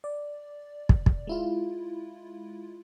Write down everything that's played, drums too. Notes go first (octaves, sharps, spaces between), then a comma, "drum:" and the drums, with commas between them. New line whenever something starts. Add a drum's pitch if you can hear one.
D5
drum: kick
drum: kick
G#3 E4 F4